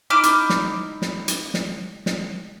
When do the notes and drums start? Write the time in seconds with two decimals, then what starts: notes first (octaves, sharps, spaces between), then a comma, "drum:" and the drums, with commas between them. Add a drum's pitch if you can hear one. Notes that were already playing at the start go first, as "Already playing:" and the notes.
0.10 D#4 E4 D6 F6
0.23 drum: hi-hat
0.50 drum: snare
1.02 drum: snare
1.28 drum: hi-hat
1.54 drum: snare
2.06 drum: snare